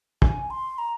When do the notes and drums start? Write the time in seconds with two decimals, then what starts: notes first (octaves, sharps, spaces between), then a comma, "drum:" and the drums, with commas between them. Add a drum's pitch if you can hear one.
0.22 G#5, drum: kick
0.50 C6
0.78 A#5